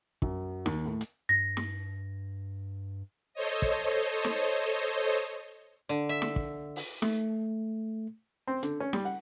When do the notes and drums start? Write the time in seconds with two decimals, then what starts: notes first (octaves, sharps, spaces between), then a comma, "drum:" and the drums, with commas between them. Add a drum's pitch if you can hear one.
0.22 F#2, drum: kick
0.66 D#2, drum: snare
0.86 A2
1.01 drum: hi-hat
1.29 G2 A#6
1.57 drum: snare
3.34 A4 C5 C#5 D#5
3.62 drum: kick
4.24 drum: snare
5.89 D3
6.09 E5
6.22 drum: snare
6.36 drum: kick
6.76 drum: open hi-hat
7.02 A3, drum: snare
8.47 C4
8.63 D3, drum: hi-hat
8.80 C#4
8.93 G3, drum: snare
9.05 F#5